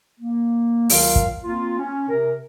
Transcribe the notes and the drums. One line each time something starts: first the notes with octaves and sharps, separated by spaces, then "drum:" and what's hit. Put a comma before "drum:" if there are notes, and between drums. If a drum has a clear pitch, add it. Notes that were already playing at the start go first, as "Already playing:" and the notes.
A#3
C#2 D#3 F#3 F4 F5, drum: open hi-hat
drum: kick
A#3 C4 F4
C#4
C3 A#4